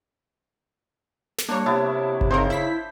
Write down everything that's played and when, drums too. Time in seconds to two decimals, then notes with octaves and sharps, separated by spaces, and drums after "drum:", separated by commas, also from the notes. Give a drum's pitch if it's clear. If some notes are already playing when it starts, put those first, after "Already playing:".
1.38 drum: snare
1.49 G3 A#3 D4 C#5
1.66 C3 B3 E4 A5
2.21 drum: kick G1
2.30 C#3 C4 D#4 A#4 C5
2.50 E4 B6